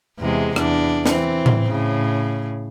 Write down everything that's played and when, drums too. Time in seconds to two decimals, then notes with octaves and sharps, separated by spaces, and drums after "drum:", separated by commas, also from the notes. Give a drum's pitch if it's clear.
0.18 E2 C3 G#3
0.56 E2 D4, drum: rim click
1.06 E3 C4, drum: snare
1.46 drum: tom A2
1.67 A2 C#3